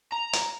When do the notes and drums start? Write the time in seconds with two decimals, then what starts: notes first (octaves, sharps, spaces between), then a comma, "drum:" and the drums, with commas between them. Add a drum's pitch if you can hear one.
0.12 A#5
0.33 drum: hi-hat